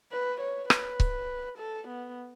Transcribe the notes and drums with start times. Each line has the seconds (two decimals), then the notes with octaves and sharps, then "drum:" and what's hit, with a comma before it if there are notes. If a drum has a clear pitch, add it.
0.12 B4
0.41 C#5
0.70 B4, drum: rim click
1.00 drum: kick C#1
1.58 A4
1.87 B3